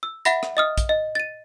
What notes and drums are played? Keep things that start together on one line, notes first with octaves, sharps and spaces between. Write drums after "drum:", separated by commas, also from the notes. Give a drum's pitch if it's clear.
E6
E5 F#5 B5 A#6, drum: hi-hat
drum: rim click
D#5 D#6 F6
drum: kick, hi-hat
D#5
A6 D#7